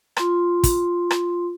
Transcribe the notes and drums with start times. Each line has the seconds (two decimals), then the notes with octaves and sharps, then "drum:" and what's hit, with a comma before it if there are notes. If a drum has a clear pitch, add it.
0.17 F4 C6, drum: rim click
0.64 drum: kick, hi-hat
1.11 drum: rim click